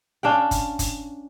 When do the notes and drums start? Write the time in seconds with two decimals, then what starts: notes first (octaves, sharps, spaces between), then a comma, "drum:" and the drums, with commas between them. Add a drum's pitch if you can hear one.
0.23 C#4 D4 F5 G5
0.51 drum: kick F#1, hi-hat
0.79 drum: kick F#1, hi-hat